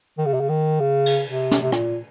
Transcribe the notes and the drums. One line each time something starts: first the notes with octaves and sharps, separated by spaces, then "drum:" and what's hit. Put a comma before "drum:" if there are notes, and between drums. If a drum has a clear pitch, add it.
D#3
C#3
C3
C#3
D#3
C#3
drum: cymbal
C3
drum: snare
C3
A#2, drum: rim click